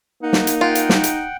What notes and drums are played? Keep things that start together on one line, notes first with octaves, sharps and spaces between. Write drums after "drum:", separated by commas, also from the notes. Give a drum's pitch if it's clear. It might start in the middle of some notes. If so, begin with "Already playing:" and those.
A#3 D#4 F#5
drum: snare
drum: hi-hat
F4 F#5 G5
drum: hi-hat
drum: snare
drum: hi-hat